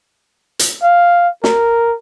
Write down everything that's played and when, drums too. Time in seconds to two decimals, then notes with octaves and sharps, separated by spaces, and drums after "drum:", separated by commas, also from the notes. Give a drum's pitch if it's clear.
0.59 drum: hi-hat
0.83 F5
1.44 A#4, drum: snare